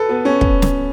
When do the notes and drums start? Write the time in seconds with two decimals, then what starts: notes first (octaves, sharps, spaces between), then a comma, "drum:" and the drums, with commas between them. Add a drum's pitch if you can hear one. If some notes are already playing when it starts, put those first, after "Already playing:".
Already playing: A4 B4
0.09 B3
0.25 C#4
0.41 drum: kick
0.62 drum: snare